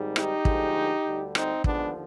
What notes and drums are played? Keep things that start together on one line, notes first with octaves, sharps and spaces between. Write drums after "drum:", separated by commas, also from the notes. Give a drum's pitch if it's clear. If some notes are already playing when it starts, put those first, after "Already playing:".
Already playing: G#1 G#2 G3
D#4 G4, drum: rim click
D2 D3 F3 G#3, drum: kick
D2 D3 G3
C4 D#4, drum: rim click
D#2 D3 F3 G#3 B3 D4, drum: kick